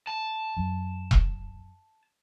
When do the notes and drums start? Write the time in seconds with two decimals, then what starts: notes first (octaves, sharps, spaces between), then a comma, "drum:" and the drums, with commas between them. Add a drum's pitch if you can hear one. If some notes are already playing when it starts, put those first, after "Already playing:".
0.07 A5
0.57 F#2
1.11 drum: kick E1